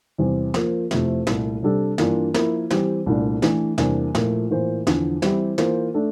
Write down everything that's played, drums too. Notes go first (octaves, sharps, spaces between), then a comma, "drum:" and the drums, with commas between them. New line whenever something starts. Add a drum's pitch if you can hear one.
E2 C3 G3 C4
F3 A#3 F4 C5, drum: snare
F2 C3 F3 A3 E4, drum: snare
C2 A#2 A3, drum: snare
C3 G3 D4 A4
G2 E3 A#3 D4 F4, drum: snare
F3 A#3 E4 A#4, drum: snare
E3 G3 C4 G4, drum: snare
C2 A#2 A3 D4
E3 A3 D4, drum: snare
E2 C3 G3 A#3 D4, drum: snare
A#2 F3 A3 E4 A#4, drum: snare
A2 E3 A#3 F4 C5
E2 D3 F3, drum: snare
E3 G3 C4 E4 G4, drum: snare
E3 A#3 F4 C5, drum: snare
A3 D4 A4